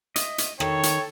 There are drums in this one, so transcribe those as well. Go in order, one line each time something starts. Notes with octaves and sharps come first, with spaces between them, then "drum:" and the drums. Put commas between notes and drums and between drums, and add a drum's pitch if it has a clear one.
D#5 E5, drum: hi-hat
drum: hi-hat
D#3 A4 C#5 G5, drum: rim click
drum: hi-hat